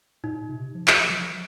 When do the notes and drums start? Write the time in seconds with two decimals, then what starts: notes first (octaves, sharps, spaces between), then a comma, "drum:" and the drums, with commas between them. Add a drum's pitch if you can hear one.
0.23 A#2 D#4
0.49 C3
0.75 F3
0.88 drum: clap
1.00 F3
1.10 F#3
1.19 F3